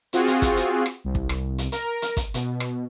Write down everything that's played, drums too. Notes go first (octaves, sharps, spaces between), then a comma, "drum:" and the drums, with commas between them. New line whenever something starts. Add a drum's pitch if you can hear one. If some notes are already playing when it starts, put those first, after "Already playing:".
C4 F4 F#4 G#4, drum: hi-hat
drum: hi-hat
drum: kick, hi-hat
drum: hi-hat
drum: rim click
C2
drum: kick
drum: rim click
drum: hi-hat
A#4, drum: hi-hat
drum: hi-hat
drum: kick, hi-hat
B2, drum: hi-hat
drum: rim click